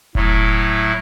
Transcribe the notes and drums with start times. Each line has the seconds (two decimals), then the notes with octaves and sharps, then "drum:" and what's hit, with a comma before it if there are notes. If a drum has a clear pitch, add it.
0.15 A2 F#3 A3 E4, drum: kick E1